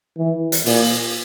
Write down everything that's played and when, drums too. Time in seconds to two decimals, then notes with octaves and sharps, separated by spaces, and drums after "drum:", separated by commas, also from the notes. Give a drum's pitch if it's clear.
0.17 E3
0.52 drum: hi-hat
0.66 A#2, drum: open hi-hat